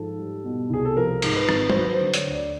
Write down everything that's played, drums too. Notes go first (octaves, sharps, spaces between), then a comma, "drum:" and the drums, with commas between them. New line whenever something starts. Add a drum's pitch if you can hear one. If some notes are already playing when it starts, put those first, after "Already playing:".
Already playing: G#2 F3 A4
G3
B2
C2 G#4
A4
F3 A#4
G#2, drum: cymbal
B4
G#1, drum: rim click
C5, drum: tom
F#3 B4
C5
D3
C#5, drum: hi-hat
D2
D5